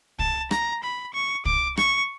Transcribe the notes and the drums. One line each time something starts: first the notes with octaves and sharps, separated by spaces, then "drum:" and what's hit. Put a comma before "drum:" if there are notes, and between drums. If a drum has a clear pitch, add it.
A5, drum: kick
A#5, drum: rim click
B5
C#6
D6, drum: kick
C#6, drum: rim click